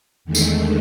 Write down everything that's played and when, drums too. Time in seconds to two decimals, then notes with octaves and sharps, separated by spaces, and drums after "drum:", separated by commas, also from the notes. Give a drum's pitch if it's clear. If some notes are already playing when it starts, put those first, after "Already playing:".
0.25 E2 D3 D#3 G#3 A3
0.35 drum: tambourine